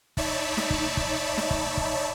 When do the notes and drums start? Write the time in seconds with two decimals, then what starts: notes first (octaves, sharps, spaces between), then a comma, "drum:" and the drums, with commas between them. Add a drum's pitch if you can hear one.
0.17 D#4 C#5 D5 E5 A5 B5, drum: kick
0.57 drum: snare
0.70 drum: kick
0.97 drum: kick
1.37 drum: snare
1.51 drum: kick
1.77 drum: kick